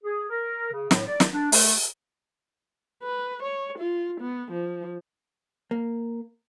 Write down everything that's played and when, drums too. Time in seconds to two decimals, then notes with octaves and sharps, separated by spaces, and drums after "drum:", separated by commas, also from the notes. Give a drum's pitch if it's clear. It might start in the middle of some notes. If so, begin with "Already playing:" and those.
0.04 G#4
0.30 A#4
0.73 C#3
0.91 A2, drum: snare
1.06 D5
1.20 drum: snare
1.32 D4
1.52 A3, drum: open hi-hat
3.03 B4
3.43 C#5
3.78 F4
4.20 B3
4.51 F3
5.71 A#3